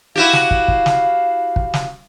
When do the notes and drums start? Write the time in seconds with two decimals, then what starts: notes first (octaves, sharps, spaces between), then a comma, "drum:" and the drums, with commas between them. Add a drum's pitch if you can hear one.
0.16 E4 F#4 G4 F5
0.33 drum: snare
0.51 drum: kick
0.68 drum: kick
0.86 drum: snare
1.56 drum: kick
1.74 drum: snare